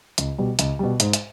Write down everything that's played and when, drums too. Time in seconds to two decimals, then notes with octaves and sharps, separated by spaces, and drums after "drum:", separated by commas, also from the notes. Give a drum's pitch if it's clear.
0.18 C#2, drum: hi-hat
0.38 B2 G3
0.59 C#2, drum: hi-hat
0.79 B2 G3
1.00 G#2, drum: hi-hat
1.13 drum: hi-hat